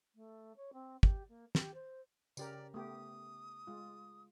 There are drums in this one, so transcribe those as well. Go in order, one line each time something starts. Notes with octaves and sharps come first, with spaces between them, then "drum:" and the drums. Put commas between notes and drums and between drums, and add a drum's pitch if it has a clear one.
A3
C#5
C4
G4, drum: kick
A#3
G4, drum: snare
C5
C#3 G4 A#4 D5, drum: tambourine
A3 B3 G4 D#6
G#3 F4